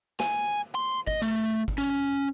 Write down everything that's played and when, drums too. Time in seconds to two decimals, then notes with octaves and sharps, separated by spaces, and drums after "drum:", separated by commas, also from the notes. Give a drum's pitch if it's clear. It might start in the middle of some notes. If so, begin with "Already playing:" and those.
0.20 G#5, drum: snare
0.75 C6
1.07 D#5, drum: kick
1.22 A3
1.68 drum: kick
1.78 C#4